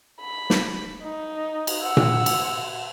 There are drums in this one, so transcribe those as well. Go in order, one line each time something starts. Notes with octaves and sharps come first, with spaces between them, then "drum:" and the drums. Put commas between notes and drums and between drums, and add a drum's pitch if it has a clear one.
B5
drum: snare
D#4
drum: cymbal
F#5 E6
drum: tom A#2
drum: cymbal